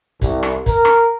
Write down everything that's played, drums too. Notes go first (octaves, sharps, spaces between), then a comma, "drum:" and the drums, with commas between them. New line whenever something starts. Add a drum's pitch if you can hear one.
C2, drum: kick, hi-hat
drum: rim click
A#4, drum: kick, hi-hat
drum: rim click